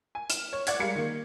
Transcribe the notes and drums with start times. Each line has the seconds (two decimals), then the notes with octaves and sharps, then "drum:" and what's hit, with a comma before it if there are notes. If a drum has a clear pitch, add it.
0.15 G#5
0.30 F6 E7, drum: hi-hat
0.53 C#5
0.67 D5 F#5 G#6, drum: hi-hat
0.80 G3 G#3 A#4 F5 C#7
0.95 D#3 A#3